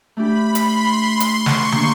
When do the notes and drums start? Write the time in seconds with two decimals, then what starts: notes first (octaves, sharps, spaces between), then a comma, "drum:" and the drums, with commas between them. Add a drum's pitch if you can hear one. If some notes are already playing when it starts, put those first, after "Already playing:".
0.16 A3 D4 G4 B5
0.55 C6, drum: hi-hat
1.20 drum: hi-hat
1.33 C#6
1.46 drum: snare
1.72 A#3 D4 G4, drum: tom